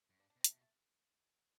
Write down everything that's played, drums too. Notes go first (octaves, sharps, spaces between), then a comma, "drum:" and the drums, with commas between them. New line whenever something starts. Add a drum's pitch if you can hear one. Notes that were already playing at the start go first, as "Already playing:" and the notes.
F#2
G2 D4
D4
B2
C4
A2, drum: hi-hat
B2 A3
A3